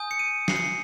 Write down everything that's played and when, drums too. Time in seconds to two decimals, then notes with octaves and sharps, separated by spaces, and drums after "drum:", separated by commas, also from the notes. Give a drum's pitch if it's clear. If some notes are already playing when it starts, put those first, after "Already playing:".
Already playing: G#5 D#6 G6
0.11 C#7
0.19 D#7
0.48 C7, drum: snare
0.56 C#7
0.64 C7